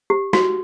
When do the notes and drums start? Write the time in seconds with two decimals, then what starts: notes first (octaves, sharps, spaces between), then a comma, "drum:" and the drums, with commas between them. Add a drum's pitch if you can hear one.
0.10 G4
0.33 F#4, drum: snare